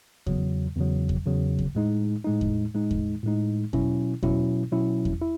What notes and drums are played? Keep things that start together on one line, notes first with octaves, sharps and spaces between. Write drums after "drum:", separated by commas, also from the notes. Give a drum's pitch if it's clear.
E2 C#3 F#3, drum: kick E2
E2 C#3 F#3
drum: kick E2
E2 C#3 F#3
drum: kick E2
A2 G#3 D#4
A2 G#3 D#4
drum: kick E2
A2 G#3 D#4
drum: kick E2
A2 G#3 D#4
B2 F#3 C#4 E4, drum: kick E2
B2 F#3 C#4 E4, drum: kick E2
B2 F#3 C#4 E4
drum: kick E2
E4